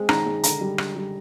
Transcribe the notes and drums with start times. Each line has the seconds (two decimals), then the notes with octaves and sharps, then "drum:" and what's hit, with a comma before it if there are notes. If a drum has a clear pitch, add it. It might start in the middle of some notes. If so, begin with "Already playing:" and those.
Already playing: G#3 C4
0.09 D#3 A#5, drum: rim click
0.26 G#3
0.43 D3 A#5, drum: hi-hat
0.61 G3
0.78 D3, drum: rim click
0.96 G3